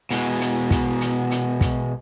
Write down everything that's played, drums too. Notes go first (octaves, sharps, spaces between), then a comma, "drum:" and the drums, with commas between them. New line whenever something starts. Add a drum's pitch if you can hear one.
B2 G#3, drum: hi-hat
drum: hi-hat
drum: kick, hi-hat
drum: hi-hat
drum: hi-hat
drum: kick, hi-hat